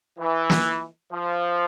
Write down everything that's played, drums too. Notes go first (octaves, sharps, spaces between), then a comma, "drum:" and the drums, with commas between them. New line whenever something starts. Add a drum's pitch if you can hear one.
E3
drum: snare
F3